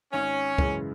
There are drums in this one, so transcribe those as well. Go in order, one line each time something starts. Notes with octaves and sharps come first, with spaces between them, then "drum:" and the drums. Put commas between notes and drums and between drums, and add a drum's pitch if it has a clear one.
G#1 C#4
F#2 C#3 E3 G#3, drum: kick